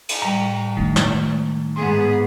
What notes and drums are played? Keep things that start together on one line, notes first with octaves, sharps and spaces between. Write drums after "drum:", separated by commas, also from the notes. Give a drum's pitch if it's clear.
drum: cymbal
A2 G3 A#5
D#3 A3 D4
drum: snare
G#2 B3 G#4 C6